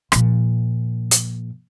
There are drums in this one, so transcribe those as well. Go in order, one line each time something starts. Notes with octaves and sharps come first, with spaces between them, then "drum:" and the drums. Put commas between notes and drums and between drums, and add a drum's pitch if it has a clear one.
A#2 F3, drum: rim click
drum: hi-hat